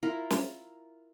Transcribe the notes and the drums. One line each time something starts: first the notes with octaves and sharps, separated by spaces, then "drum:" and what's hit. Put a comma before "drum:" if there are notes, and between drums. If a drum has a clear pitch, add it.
E4 F4 A#4
drum: snare